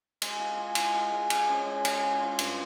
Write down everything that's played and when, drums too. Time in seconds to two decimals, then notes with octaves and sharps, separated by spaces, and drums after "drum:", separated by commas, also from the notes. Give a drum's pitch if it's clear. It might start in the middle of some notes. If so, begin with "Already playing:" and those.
0.22 G#3, drum: cymbal
0.39 F4
0.57 G#4
0.75 G#3, drum: cymbal
0.94 G#4
1.12 G#3
1.30 G#4, drum: cymbal
1.49 C#4
1.66 G#3
1.85 G#4, drum: cymbal
2.03 F4
2.20 F4
2.39 G2, drum: cymbal